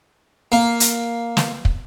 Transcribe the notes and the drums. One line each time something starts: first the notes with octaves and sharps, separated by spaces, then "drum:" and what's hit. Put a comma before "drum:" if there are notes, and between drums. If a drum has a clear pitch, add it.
A#3
drum: hi-hat
drum: snare
drum: kick